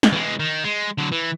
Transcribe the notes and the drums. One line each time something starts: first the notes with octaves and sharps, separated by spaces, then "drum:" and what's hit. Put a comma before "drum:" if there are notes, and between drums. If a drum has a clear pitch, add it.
drum: snare
E3 G#3
D#3
G#3
D3 F#3
E3